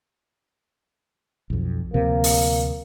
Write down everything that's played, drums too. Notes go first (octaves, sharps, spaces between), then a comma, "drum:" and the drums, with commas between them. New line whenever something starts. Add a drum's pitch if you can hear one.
B1 F2
D2 C3 F3 A#3
drum: open hi-hat